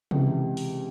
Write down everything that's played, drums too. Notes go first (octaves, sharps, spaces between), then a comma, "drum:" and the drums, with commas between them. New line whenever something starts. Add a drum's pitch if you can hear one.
C#2 C3 E3, drum: tom C3
drum: open hi-hat